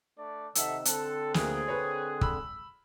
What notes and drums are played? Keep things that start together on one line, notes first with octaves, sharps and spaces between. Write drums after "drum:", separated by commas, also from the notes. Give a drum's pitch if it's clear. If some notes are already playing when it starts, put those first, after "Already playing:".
A3 D4 D5
C3 D#3 A4 E5 F#5 E6, drum: hi-hat
D3 C4 A4 F#6, drum: hi-hat
D2 A#3 G#4, drum: snare
B4 C#5
B5 E6, drum: kick